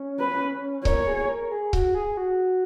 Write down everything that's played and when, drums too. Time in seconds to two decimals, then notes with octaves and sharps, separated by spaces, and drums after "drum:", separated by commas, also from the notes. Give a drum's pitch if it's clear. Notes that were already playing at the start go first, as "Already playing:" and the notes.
Already playing: C#4
0.19 B4
0.85 A#4 C#5, drum: kick C#1
1.07 G#4
1.29 A#4
1.52 G#4
1.73 F#4, drum: kick C#1
1.95 G#4
2.17 F#4